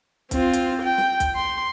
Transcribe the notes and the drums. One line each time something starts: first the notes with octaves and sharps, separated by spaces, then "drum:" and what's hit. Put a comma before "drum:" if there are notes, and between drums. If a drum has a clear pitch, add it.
C4 F4, drum: kick, hi-hat
drum: hi-hat
G5
drum: snare
drum: kick, hi-hat
C6